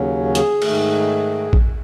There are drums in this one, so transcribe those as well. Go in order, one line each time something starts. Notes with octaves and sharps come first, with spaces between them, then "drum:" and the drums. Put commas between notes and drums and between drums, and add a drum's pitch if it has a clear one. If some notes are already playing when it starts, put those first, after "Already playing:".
Already playing: D#2 C#3 F#3 C#4
G#4, drum: hi-hat
G#2 D#3 A3, drum: cymbal
drum: kick A1